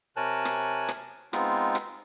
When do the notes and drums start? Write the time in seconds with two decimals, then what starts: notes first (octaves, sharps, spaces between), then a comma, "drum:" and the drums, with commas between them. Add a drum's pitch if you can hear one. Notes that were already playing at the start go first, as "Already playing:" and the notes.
0.16 C3 A#4 C#5 G#5 A5 F#6
0.45 drum: rim click
0.88 drum: rim click
1.33 G#3 B3 C4 D#4 F4, drum: rim click
1.75 drum: rim click